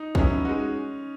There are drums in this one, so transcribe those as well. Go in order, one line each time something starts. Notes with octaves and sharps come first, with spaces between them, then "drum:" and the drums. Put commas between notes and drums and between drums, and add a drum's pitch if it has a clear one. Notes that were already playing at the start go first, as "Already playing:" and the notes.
Already playing: D#4
F#3 B3 C#4 E4, drum: kick
G#3 D#4 F#4